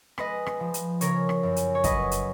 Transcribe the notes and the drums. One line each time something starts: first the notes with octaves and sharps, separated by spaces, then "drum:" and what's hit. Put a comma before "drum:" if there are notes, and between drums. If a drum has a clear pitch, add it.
G#3 B4 D#5, drum: rim click
drum: rim click
F3
drum: hi-hat
C#3 A#4 C#5, drum: hi-hat
drum: rim click
F#2
drum: hi-hat
C#5
F#3 B4 D#5, drum: kick, hi-hat
drum: hi-hat